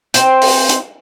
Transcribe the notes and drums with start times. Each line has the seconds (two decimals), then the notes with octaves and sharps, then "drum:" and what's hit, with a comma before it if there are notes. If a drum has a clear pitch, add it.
0.14 C4 C5, drum: hi-hat
0.42 drum: open hi-hat
0.69 drum: hi-hat